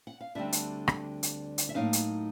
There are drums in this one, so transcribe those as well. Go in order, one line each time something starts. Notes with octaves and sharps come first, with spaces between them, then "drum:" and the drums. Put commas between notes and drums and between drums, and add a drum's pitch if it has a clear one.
F#5
F5
D2 D3 G3 C4 E5
drum: hi-hat
drum: rim click
drum: hi-hat
drum: hi-hat
E5
A2 F#3 A#3 D#4 F5
drum: hi-hat